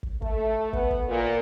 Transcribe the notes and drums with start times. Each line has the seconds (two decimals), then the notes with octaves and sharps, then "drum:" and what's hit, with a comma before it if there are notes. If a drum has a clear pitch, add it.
0.03 drum: kick
0.22 A3, drum: kick
0.73 B3, drum: kick
0.91 drum: kick
1.09 A#2